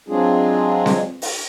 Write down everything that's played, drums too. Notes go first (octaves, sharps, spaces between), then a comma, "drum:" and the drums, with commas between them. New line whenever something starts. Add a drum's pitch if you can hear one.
F#3 G#3 C4 D4 F4 G#4
drum: snare C4
drum: open hi-hat